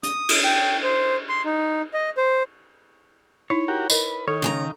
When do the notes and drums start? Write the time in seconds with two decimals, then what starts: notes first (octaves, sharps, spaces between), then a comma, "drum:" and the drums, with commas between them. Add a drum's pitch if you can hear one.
0.03 D#6, drum: hi-hat
0.29 drum: cymbal
0.44 G5
0.83 C5
1.29 C6
1.45 D#4
1.93 D#5
2.17 C5
3.50 D#4 E4 C#5
3.68 F#4 G4 A#4
3.90 A#4 B4 D#5, drum: tambourine
4.28 D#3 A4 C#5
4.42 C#3 G#5 A#5